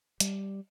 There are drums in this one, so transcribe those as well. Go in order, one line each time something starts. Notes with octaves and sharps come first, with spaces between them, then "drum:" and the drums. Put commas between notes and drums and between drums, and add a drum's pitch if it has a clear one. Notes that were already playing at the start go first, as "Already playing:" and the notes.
G3, drum: hi-hat